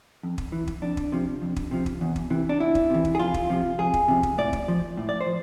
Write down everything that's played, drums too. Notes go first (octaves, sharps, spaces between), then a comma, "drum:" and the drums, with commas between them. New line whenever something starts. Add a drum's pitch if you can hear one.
F2
drum: kick
E3
drum: kick
F2 D4
drum: kick
C3 F3
F2
drum: kick
C3 F3
drum: kick
E2
drum: kick
C3 E3
D4
E2 E4
drum: kick
C3 E3
drum: kick
G#4
F2 F4
drum: kick
C3 F3
F2 G#4
drum: kick
C3 F3
drum: kick
A2 D5
drum: kick
F3
A2
D5
C5
F3